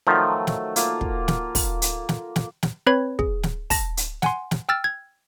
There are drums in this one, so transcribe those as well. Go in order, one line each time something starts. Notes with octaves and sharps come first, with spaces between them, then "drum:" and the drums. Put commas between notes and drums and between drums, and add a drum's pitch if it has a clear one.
D#3 F3 F#3 A3
drum: snare
A#3 F4, drum: hi-hat
drum: kick
drum: snare
drum: kick, open hi-hat
drum: hi-hat
drum: snare
drum: snare
drum: snare
C4 B4 C#5 B5 G#6
G#4, drum: kick
drum: snare
A5 A#6, drum: kick, open hi-hat
drum: hi-hat
F#5 G#5 C6, drum: snare
drum: snare
G5 E6 F6 A6
G#6